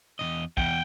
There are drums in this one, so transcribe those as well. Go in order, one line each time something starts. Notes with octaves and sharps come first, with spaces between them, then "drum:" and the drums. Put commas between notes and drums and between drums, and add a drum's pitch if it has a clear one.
E2 C#3 D#5
E2 F#5 G5, drum: kick